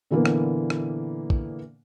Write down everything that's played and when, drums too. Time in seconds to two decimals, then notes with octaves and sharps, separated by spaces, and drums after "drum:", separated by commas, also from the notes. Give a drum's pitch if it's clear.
0.11 A#2 D3 E3 A#3 B3
0.26 drum: rim click
0.70 drum: rim click
1.30 drum: kick